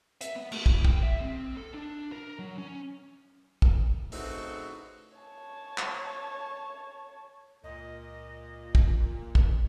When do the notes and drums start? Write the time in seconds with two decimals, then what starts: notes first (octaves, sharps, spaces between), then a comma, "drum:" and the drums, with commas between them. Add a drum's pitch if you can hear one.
0.21 E5, drum: hi-hat
0.36 B3
0.52 A3, drum: cymbal
0.66 E4, drum: kick
0.85 G5, drum: kick
1.03 E5
1.21 C4
1.57 A4
1.74 D4
2.12 A#4
2.39 F#3
2.58 C#4
3.62 drum: kick
4.12 A2 C#3 C4 D#4 F#4, drum: open hi-hat
5.18 C#5 A5
5.78 drum: clap
7.64 C#2 A#2 D#5
8.75 drum: kick
9.35 drum: kick